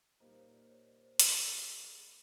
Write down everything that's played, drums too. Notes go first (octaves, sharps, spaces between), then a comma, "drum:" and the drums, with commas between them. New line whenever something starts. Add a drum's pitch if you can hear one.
A#2 G3 A#3 D#4 C5
C#5
C5 D5
C#5
C5 D5
C5
G#4, drum: hi-hat
A4
G4
G#4